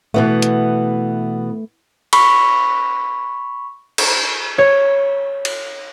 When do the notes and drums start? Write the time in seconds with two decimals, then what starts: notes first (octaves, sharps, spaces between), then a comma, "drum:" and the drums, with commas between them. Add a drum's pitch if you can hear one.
0.14 B2 E3 A3 B3
0.42 drum: hi-hat
2.13 B5 C#6, drum: cymbal
3.98 drum: cymbal
4.58 C#5
5.45 drum: cymbal